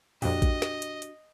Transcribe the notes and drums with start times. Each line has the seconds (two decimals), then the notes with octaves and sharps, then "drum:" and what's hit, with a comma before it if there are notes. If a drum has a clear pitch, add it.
0.22 F2 A#2 D4 F#4 G4 D#5, drum: open hi-hat
0.42 drum: kick A1, hi-hat
0.62 drum: snare
0.82 drum: hi-hat
1.02 drum: hi-hat